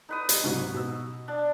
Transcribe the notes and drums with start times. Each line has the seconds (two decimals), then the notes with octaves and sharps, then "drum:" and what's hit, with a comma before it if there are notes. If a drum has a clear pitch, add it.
0.09 D#4 B4 D#6
0.29 drum: hi-hat
0.44 C2 G#2 F#3
0.74 B2 E6
1.28 D4